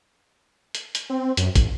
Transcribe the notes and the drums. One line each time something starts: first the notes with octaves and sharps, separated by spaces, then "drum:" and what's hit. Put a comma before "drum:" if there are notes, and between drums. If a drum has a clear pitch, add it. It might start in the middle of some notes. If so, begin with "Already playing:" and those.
drum: hi-hat
drum: hi-hat
C4
F#2, drum: hi-hat
A1, drum: kick, hi-hat